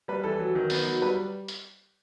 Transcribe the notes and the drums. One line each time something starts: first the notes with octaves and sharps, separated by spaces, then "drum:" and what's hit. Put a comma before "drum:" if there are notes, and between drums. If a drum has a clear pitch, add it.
G3 B4
E3 A4
F#3
D#3
B3, drum: open hi-hat
F#3
G3 B4
drum: hi-hat